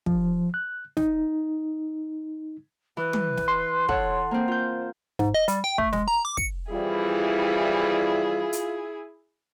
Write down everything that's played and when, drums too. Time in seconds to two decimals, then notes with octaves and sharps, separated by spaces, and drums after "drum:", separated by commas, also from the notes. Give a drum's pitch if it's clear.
0.06 F3, drum: kick
0.54 F#6
0.97 D#4, drum: snare
2.97 E3 B4
3.13 drum: tom
3.37 drum: snare
3.48 C6
3.89 A4 C#5 F#5, drum: kick
4.31 A#3 C4 C5
4.48 F4 G6
5.19 G#2, drum: snare
5.34 D#5
5.48 G3, drum: hi-hat
5.64 G5
5.78 A3, drum: kick
5.93 G#3, drum: snare
6.08 A#5
6.25 D6
6.37 C#7, drum: kick
6.72 F2 E3 G3 E4 F4 G#4
8.53 drum: hi-hat